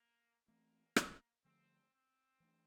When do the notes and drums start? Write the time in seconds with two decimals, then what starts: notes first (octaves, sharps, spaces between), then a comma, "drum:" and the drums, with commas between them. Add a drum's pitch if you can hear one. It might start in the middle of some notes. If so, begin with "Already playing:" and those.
Already playing: A#3
0.48 E3 A3 A#3 C4
0.96 drum: rim click
1.44 D3 F3 A3 C4
1.93 C4
2.40 E3 A3 D4